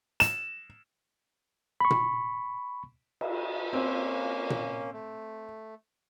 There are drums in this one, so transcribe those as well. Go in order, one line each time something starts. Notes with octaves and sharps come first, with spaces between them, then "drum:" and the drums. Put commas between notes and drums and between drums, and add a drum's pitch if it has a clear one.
E7, drum: hi-hat
B5 C#6
drum: tom A#2
drum: cymbal
A#3 C4 C#4
drum: tom A#2
A3